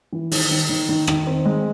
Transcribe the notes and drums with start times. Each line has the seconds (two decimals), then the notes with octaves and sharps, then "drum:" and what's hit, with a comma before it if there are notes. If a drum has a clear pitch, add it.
0.13 E3
0.31 D#3, drum: open hi-hat
0.51 D#3
0.69 D#3
0.89 D#3
1.07 D#3, drum: rim click
1.27 C4
1.46 G#3